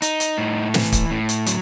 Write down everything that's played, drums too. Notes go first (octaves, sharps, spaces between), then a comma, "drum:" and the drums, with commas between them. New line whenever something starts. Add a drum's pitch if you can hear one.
D#4, drum: hi-hat
drum: hi-hat
A2
E3, drum: snare
drum: kick, hi-hat
A2
drum: hi-hat
F#3, drum: hi-hat